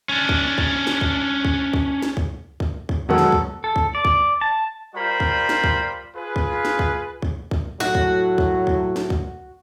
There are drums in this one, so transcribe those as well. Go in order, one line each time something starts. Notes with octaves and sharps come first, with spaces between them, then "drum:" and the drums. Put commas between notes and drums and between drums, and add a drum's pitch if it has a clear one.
C#4 D4
drum: kick
drum: kick
drum: snare
drum: kick
drum: kick
drum: kick
drum: snare
drum: kick
drum: kick
drum: kick
F2 B2 D#3 F#3 G#3 A4 F#5
drum: snare
drum: kick
A4
drum: kick
D5
drum: kick
A5
G3 F4 A#4 C5 D5 B5
drum: kick
drum: snare
drum: kick
F4 G#4 B4
drum: kick
drum: snare
drum: kick
drum: kick
drum: kick
A2 F#3 A3 F#4, drum: snare
drum: kick
drum: kick
drum: kick
drum: snare
drum: kick